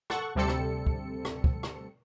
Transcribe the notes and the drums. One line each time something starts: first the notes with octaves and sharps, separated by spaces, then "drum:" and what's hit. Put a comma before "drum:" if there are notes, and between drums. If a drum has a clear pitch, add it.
A4 F#5 C#6, drum: rim click
D2 C3 G3 C4 A4 C#7
drum: rim click
drum: kick
drum: rim click
drum: kick
drum: rim click